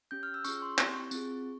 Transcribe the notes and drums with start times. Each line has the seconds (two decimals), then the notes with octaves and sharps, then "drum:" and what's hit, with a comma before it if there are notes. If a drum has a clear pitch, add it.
0.11 C#4 G4 G6
0.23 F6
0.34 E6
0.44 C#4 F4 G#4 C#6, drum: tambourine
0.62 C6
0.78 C4 E4 G4 C#6, drum: clap
1.11 C4 F4 G#4, drum: tambourine